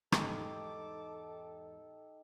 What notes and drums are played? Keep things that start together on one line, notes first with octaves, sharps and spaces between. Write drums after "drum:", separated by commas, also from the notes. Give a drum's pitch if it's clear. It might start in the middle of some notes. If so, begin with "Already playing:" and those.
E2 G#2 D#4 G4 A4 D#5 A5 D6, drum: rim click